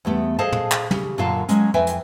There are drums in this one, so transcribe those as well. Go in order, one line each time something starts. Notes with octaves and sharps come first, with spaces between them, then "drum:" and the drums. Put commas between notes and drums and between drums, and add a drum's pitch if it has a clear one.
E2 G3 A3 B3
G#4 A4 C5 D#5 F5 A5
drum: tom
drum: clap
C#3 G4, drum: tom
F#2 A#2 D3 F4 F5 A5
F#3 G#3 C#4, drum: hi-hat
F2 B4 E5 G5 G#5
drum: hi-hat